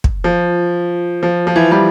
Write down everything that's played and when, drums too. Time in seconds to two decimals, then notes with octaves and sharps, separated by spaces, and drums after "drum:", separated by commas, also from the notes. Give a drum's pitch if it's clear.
0.04 drum: kick
0.24 F3
1.23 F3
1.47 F3
1.56 E3
1.71 E3 G3